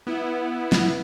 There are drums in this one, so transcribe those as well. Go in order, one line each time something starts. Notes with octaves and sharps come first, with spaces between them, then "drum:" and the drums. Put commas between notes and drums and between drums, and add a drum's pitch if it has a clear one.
B3 E4
drum: snare